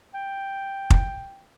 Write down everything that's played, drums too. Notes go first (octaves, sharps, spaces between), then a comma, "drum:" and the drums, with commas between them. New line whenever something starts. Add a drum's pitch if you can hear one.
G5
drum: kick